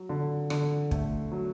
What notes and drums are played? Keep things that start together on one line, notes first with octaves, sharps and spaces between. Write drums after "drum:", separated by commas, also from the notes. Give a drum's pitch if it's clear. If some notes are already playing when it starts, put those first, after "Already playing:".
Already playing: F#3
D3
D3, drum: rim click
A3, drum: kick
F#3